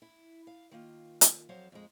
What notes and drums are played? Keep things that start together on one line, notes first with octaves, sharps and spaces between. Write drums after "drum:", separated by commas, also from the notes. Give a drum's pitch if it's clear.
E4
F5
D#3 A#3 F4
drum: hi-hat
F2 F#3 C5 F5
F2 G#3